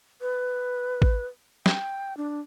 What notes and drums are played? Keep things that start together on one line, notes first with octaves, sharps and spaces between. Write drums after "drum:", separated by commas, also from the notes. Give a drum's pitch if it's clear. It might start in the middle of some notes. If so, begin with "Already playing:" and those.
B4
drum: kick
G5, drum: snare
D4